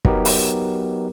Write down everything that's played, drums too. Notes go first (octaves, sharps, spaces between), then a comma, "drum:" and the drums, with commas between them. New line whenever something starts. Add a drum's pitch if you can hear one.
F#3 B3 D#4 G4 A#4, drum: kick
drum: open hi-hat